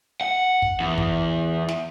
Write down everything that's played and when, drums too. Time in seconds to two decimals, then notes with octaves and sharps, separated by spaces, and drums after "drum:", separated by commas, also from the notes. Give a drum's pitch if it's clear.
0.21 F#5
0.62 drum: kick
0.80 E2
0.98 drum: kick
1.68 drum: snare